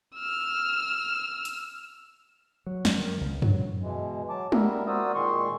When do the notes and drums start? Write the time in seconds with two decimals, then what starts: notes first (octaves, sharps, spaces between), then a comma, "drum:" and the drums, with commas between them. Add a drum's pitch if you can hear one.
0.15 E6 F6
1.45 drum: hi-hat
2.67 F#3
2.85 F#2, drum: snare
2.98 D#3
3.21 C#2
3.42 F#3, drum: tom F#2
3.82 B2 E3 G#3
4.29 F#3 A5 D6
4.52 G3 B3 A#4 E5, drum: tom G#3
4.87 F#4 A#4 C5 D5 D#6 E6
5.14 A#2 D#3 G#3 C6 C#6